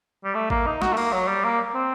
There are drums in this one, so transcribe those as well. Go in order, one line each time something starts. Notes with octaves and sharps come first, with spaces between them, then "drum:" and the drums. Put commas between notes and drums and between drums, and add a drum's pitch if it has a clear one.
G3
A3
A#3, drum: kick G#1
D#4
F#4, drum: snare
A3
A#3, drum: cymbal
F#3
G3
A#3
C4